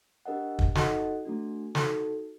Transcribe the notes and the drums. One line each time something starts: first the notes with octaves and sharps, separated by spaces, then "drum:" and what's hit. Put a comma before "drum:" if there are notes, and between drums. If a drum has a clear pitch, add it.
D4 G4 A#4 D#5 F#5
drum: kick
D#4 F#4 A4 D#5 F#5, drum: snare
A3 D4 F#4
D#4 F#4 A4, drum: snare